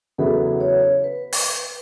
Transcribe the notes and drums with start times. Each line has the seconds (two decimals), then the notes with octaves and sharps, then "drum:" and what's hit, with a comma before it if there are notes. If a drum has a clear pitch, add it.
0.18 E2 C#3 F#3 B3 E4 A4
0.61 C#5
1.04 B4
1.33 drum: open hi-hat